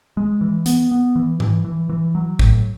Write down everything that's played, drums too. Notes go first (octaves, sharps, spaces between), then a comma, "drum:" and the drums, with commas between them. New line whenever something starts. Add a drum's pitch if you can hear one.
G#3
E3
B3, drum: hi-hat
B3
E3
E3, drum: tom G#2
E3
E3
F#3
A2, drum: kick